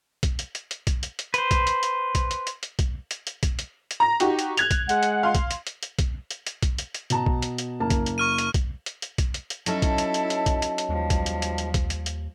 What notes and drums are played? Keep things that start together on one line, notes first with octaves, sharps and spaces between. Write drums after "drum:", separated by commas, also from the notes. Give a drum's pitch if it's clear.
drum: kick B1, hi-hat
drum: hi-hat
drum: hi-hat
drum: hi-hat
drum: kick B1, hi-hat
drum: hi-hat
drum: hi-hat
B4 C5, drum: hi-hat
drum: kick B1, hi-hat
drum: hi-hat
drum: hi-hat
drum: kick B1, hi-hat
drum: hi-hat
drum: hi-hat
drum: hi-hat
drum: kick B1, hi-hat
drum: hi-hat
drum: hi-hat
drum: kick B1, hi-hat
drum: hi-hat
drum: hi-hat
A#5 A#6
D#4 F#4 G4, drum: hi-hat
drum: hi-hat
F#6 G#6 F7, drum: hi-hat
drum: kick B1, hi-hat
G#3 F#5, drum: hi-hat
drum: hi-hat
F5 C6
drum: kick B1, hi-hat
drum: hi-hat
drum: hi-hat
drum: hi-hat
drum: kick B1, hi-hat
drum: hi-hat
drum: hi-hat
drum: kick B1, hi-hat
drum: hi-hat
drum: hi-hat
B2 A5 A#5, drum: hi-hat
drum: kick B1
drum: hi-hat
drum: hi-hat
F#1 A#3 A5
drum: kick B1, hi-hat
drum: hi-hat
C#6 F6 D#7
drum: hi-hat
drum: kick B1, hi-hat
drum: hi-hat
drum: hi-hat
drum: kick B1, hi-hat
drum: hi-hat
drum: hi-hat
F#3 C#4 D#4 E4 A4 A5, drum: hi-hat
drum: kick B1, hi-hat
drum: hi-hat
drum: hi-hat
drum: hi-hat
drum: kick B1, hi-hat
drum: hi-hat
drum: hi-hat
D#2 F3 G3
drum: kick B1, hi-hat
drum: hi-hat
drum: hi-hat
drum: hi-hat
drum: kick B1, hi-hat
drum: hi-hat
drum: hi-hat